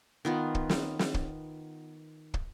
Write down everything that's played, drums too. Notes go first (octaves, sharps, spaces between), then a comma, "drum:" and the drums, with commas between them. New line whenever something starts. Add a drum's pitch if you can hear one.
D#3 B3 F4
drum: kick
drum: snare
drum: snare
drum: kick
drum: kick